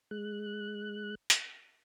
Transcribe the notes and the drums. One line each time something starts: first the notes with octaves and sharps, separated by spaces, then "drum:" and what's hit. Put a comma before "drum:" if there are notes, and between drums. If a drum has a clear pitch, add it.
G#3 F#6
drum: hi-hat